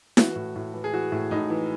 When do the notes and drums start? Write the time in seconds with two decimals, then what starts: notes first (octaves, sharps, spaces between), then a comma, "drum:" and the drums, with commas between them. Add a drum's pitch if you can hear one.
0.17 E3 F#4, drum: snare E4
0.36 A2
0.56 A2
0.74 E3
0.84 G#4
0.93 E3 F#4
1.12 A2
1.31 A2 D#4
1.50 E3